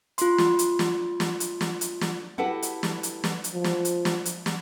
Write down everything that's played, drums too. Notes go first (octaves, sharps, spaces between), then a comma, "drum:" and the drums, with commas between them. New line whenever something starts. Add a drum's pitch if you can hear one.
F4 C6, drum: hi-hat
drum: snare
drum: hi-hat
drum: snare
drum: snare
drum: hi-hat
drum: snare
drum: hi-hat
drum: snare
E4 F#4 G4 A4 B4 F#5
drum: hi-hat
drum: snare
drum: hi-hat
drum: snare
drum: hi-hat
F3
drum: snare
drum: hi-hat
drum: snare
drum: hi-hat
drum: snare